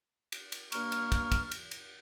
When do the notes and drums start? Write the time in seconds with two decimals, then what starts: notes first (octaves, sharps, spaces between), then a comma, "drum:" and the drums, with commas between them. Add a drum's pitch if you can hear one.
0.32 drum: cymbal
0.52 drum: cymbal
0.72 G2 A#3 A#5 C#6 F6, drum: cymbal
0.92 drum: cymbal
1.12 drum: kick, cymbal
1.32 drum: kick, cymbal
1.52 drum: cymbal
1.71 drum: cymbal